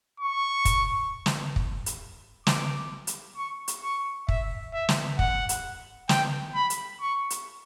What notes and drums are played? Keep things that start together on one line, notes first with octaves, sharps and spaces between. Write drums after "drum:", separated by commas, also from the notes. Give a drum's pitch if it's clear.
C#6
drum: kick, hi-hat
drum: snare
drum: kick
drum: hi-hat
D6, drum: snare
drum: hi-hat
C#6
drum: hi-hat
C#6
E5, drum: kick
E5
drum: snare
F#5, drum: kick
drum: hi-hat
G5, drum: snare
B5
drum: hi-hat
C#6
drum: hi-hat